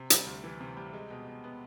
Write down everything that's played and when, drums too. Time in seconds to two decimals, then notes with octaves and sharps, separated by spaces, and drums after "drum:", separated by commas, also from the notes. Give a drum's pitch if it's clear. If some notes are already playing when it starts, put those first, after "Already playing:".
Already playing: C3
0.10 G3, drum: hi-hat
0.27 D2
0.44 E3
0.61 C3
0.77 G3
0.93 G#3
1.10 B2
1.28 B2
1.44 B3